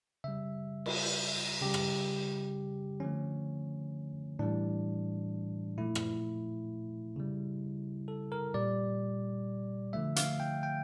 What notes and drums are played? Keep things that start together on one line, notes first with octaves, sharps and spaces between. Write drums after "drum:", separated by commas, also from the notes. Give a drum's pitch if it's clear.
C#3 G3 E5
drum: cymbal
C#3 G3 G4
drum: rim click
D3 F3 A3 C#4
A2 E3 G3 D4
A#2 F3 A3 E4
drum: rim click
C#3 G3
A4
A#4
A#2 G3 D5
D3 F3 A3 E5
F5, drum: hi-hat
G5
G5